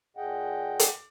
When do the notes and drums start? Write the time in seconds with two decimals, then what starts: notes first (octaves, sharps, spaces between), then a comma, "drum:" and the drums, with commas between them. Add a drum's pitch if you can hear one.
0.17 A#2 G#4 D#5 F#5 G5
0.79 drum: hi-hat